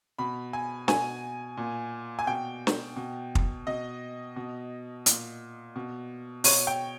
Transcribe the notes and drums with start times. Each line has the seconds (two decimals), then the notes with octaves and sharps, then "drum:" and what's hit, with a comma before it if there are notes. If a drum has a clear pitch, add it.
0.18 B2 B5
0.53 G#5
0.88 B2 G#5, drum: snare
1.57 A#2
2.19 G#5
2.27 B2 G5
2.67 drum: snare
2.96 B2
3.35 drum: kick
3.67 B2 D#5
4.36 B2
5.06 A#2, drum: hi-hat
5.76 B2
6.44 B2 C#5, drum: open hi-hat
6.67 G5